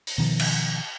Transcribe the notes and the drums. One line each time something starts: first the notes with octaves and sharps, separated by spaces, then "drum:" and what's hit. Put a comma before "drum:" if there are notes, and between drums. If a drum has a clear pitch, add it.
drum: open hi-hat
B2 D#3 F3
drum: cymbal